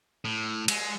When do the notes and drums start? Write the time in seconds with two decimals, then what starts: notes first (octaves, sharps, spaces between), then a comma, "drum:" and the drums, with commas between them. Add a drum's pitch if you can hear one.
0.25 A2
0.68 G#3, drum: cymbal